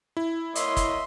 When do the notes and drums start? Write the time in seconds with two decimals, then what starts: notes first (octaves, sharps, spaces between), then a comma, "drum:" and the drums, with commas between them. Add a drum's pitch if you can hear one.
0.17 E4
0.55 A#3 C#5 D#5 E5 C6, drum: hi-hat
0.77 drum: kick, hi-hat